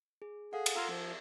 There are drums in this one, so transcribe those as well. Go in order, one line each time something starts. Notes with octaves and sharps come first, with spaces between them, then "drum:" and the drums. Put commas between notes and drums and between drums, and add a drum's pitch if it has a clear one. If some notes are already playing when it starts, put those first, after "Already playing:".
G#4
G#4 A4 F5 F#5
drum: cymbal
F4 F5 A#5 E6 G#6
F3